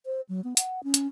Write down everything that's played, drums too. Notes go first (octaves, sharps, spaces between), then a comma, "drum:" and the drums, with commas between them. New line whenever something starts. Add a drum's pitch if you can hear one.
C5
F#3
B3
F#5, drum: hi-hat
C#4
drum: hi-hat